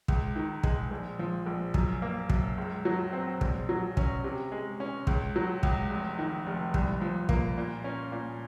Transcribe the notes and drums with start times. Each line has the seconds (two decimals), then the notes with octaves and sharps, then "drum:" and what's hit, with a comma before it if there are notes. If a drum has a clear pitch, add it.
0.08 C#2, drum: kick
0.36 D#3
0.63 G#3, drum: kick
0.91 A#1
1.19 F3
1.46 A#1
1.74 F#2, drum: kick
2.02 A#3
2.30 F#2, drum: kick
2.57 C#2
2.85 F#3
3.13 C4
3.41 A#1, drum: kick
3.69 F#3
3.97 C#4, drum: kick
4.24 C3
4.52 G#3
4.80 C#4
5.07 C#2, drum: kick
5.36 F#3
5.63 C#2, drum: kick
5.90 F1
6.18 D#3
6.46 F1
6.74 C2, drum: kick
7.02 F3
7.29 A#3, drum: kick
7.58 A#2
7.84 C#4
8.12 A#2